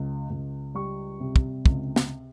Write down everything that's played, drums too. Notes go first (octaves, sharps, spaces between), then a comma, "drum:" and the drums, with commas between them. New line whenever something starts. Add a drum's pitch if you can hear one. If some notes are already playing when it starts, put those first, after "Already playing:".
Already playing: C#2
C#2
G3 C#6
C3
drum: kick
C#2, drum: kick
drum: snare